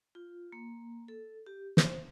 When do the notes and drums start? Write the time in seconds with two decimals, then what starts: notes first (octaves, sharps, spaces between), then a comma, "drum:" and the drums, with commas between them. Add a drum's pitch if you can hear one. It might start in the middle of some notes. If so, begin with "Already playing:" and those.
0.15 F4
0.52 A#3
1.08 A4
1.47 G4
1.77 C5, drum: snare